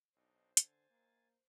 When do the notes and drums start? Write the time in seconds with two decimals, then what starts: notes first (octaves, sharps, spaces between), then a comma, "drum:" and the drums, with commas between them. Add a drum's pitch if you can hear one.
0.16 B1 D4 D#4 C5
0.57 D3 G#5 A6, drum: hi-hat
0.90 A#3